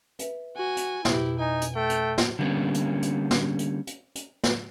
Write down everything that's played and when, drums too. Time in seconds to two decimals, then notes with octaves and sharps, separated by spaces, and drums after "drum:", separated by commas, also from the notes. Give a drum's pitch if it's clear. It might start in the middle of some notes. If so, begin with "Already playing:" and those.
0.19 B4 E5, drum: hi-hat
0.56 F#4 G#5
0.77 drum: hi-hat
1.05 F2 B2 E4 G4 E5, drum: snare
1.39 D#4 G#5
1.61 drum: hi-hat
1.76 A3 G5
1.90 drum: hi-hat
2.18 drum: snare
2.39 D3 G3 A#3 B3 C#4
2.74 drum: hi-hat
3.02 drum: hi-hat
3.31 drum: snare
3.59 drum: hi-hat
3.87 drum: hi-hat
4.15 drum: hi-hat
4.44 drum: snare